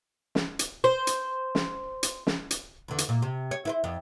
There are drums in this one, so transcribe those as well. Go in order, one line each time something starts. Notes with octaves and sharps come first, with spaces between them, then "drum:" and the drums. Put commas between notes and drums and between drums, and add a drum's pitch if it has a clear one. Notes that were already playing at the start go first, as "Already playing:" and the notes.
drum: snare
drum: hi-hat
C5
drum: hi-hat
drum: snare
drum: hi-hat
drum: snare
drum: hi-hat
E2 D3
drum: hi-hat
A#2
C3
C#5
E4 B4 C5
F2